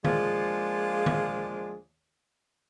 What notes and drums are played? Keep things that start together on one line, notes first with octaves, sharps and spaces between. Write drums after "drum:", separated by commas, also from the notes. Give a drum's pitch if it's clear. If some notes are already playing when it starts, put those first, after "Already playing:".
F3 G#3 A#3 D4 F4 G#4, drum: tom D#3
drum: tom D#3